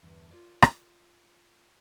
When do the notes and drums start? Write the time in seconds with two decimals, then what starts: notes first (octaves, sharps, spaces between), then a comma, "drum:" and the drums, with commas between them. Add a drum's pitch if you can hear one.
0.03 E2 G2 D3
0.30 F4 A#4 C#5 D5
0.62 drum: rim click